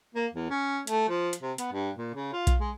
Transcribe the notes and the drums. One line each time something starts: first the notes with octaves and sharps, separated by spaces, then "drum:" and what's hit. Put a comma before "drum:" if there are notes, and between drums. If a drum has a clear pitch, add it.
A#3
E2
C#4
A3, drum: hi-hat
F3
drum: hi-hat
C3
B3, drum: hi-hat
G2
A#2
C#3
F4
drum: kick B1, hi-hat
G#3